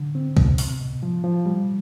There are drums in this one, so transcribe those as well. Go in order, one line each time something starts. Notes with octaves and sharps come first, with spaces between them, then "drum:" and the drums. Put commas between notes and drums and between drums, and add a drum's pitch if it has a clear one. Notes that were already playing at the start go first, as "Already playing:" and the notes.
Already playing: D3
C4
C3, drum: kick C#2
B2, drum: open hi-hat
B2
F3
F3
G3